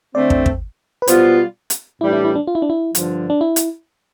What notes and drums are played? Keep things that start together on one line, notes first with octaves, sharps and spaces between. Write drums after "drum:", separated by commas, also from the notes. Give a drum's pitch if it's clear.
D3 A3 C4 D5
drum: kick
drum: kick
B4
B2 G3 B3 F4 C5, drum: hi-hat
drum: hi-hat
A2 E3 G3 D4 E4
E4
E4
D4
F4
E4
D4
E4
G2 D3 F3, drum: hi-hat
D4
E4
drum: hi-hat